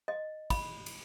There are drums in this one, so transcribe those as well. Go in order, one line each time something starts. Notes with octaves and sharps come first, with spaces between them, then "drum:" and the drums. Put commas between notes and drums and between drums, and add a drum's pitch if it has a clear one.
D#5
B5, drum: kick, cymbal
drum: cymbal